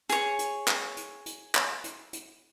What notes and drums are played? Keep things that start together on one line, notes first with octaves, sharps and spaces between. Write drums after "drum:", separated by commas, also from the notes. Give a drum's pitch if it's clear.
G#4 C#5, drum: hi-hat
drum: hi-hat
drum: clap
drum: hi-hat
drum: hi-hat
drum: clap
drum: hi-hat
drum: hi-hat